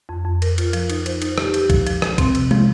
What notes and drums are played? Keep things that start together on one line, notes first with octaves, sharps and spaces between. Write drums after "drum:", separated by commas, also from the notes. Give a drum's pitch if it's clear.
F2
F2
A#4, drum: cymbal
F4, drum: cymbal
F3, drum: cymbal
D#4, drum: cymbal
C5, drum: cymbal
D#4, drum: cymbal
G4, drum: rim click
G4, drum: cymbal
F3, drum: kick B1, cymbal
F3, drum: cymbal
F3, drum: rim click
C4, drum: kick B1, cymbal
C3, drum: cymbal
F3, drum: tom